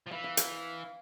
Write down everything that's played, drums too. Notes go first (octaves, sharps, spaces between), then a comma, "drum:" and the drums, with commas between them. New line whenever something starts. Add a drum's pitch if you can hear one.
F3
E3 F5
F5
F5, drum: hi-hat